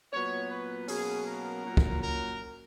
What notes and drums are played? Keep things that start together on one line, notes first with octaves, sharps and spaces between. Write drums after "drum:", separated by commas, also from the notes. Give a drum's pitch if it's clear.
A#2 F#3 B3 C#5
B4
B2 F#3 A#3 C#4 G#4, drum: open hi-hat
A#4
A#2 F#3 C#4
drum: kick
A#4